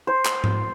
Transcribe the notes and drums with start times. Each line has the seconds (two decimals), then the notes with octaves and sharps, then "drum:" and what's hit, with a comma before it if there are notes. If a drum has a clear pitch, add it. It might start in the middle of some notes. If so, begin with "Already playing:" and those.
0.07 C5
0.25 drum: clap
0.44 drum: tom G#2